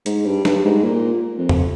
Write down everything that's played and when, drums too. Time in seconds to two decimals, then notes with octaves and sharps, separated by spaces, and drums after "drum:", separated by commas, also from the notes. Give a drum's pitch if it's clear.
0.06 G#2, drum: hi-hat
0.25 G2
0.45 G2, drum: snare
0.65 G#2
0.84 A#2
1.38 F2
1.49 drum: tom E2